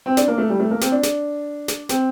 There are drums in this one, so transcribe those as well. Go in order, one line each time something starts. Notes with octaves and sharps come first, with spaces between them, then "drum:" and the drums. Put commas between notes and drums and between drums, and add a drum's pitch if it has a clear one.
C4
D4, drum: snare
A#3
A3
G3
A3
A#3
C4, drum: snare
D4
drum: snare
drum: snare
C4, drum: snare